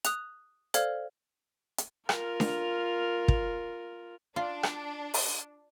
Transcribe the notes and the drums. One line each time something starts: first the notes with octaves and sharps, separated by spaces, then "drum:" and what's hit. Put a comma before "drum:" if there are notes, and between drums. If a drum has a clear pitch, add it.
D#6 F#6 F7, drum: hi-hat
A4 C5 D5 F5 F6 G#6, drum: hi-hat
drum: hi-hat
F4 A#4, drum: rim click
drum: snare D4
drum: kick
D4 F4
drum: rim click
drum: open hi-hat